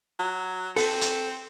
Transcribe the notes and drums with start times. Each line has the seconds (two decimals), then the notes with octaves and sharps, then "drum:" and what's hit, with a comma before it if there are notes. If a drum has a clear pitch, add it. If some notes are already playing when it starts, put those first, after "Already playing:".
0.20 F#3
0.76 C4 A4, drum: open hi-hat
1.01 drum: hi-hat